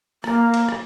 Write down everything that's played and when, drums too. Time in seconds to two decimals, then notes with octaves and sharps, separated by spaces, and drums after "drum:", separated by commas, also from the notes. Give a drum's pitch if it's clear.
0.24 A#3, drum: rim click
0.54 drum: cymbal
0.68 drum: rim click